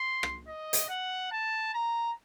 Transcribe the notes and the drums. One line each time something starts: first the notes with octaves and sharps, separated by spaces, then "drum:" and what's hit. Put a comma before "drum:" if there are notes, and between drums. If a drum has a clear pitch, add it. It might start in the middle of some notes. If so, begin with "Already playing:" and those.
Already playing: C6
drum: rim click
D#5
drum: hi-hat
F#5
A5
A#5